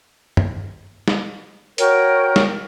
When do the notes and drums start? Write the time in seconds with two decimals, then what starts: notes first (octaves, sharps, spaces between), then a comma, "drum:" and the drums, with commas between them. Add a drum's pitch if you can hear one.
0.37 drum: tom
1.08 drum: snare
1.78 F#4 A#4 C#5 G5, drum: hi-hat
2.36 drum: snare